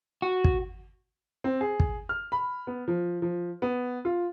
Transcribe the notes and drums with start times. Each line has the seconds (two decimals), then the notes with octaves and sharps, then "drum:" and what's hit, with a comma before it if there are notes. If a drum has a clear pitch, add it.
0.22 F#4
0.44 drum: kick
1.44 C4
1.61 G#4
1.80 drum: kick
2.09 F6
2.32 B5
2.67 B3
2.88 F3
3.22 F3
3.62 B3
4.05 F4